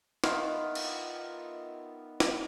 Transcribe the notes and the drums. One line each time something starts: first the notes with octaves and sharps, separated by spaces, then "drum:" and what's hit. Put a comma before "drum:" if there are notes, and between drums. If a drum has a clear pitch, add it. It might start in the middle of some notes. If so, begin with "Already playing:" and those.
D#3 B3 E4 F4, drum: snare
drum: cymbal
drum: snare